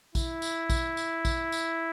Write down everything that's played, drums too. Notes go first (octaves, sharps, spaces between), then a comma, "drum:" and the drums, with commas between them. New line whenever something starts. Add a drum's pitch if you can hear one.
E4, drum: kick A#1, tambourine
drum: tambourine
drum: kick A#1, tambourine
drum: tambourine
drum: kick A#1, tambourine
drum: tambourine